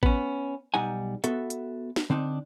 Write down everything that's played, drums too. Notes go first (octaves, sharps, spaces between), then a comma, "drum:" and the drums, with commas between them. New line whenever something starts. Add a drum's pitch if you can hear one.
B3 C#4, drum: kick
B1 G3 D#4 F#5 G#5
B3 F#4 A4 E5, drum: hi-hat
drum: hi-hat
drum: snare
D3 C4 D4 D#4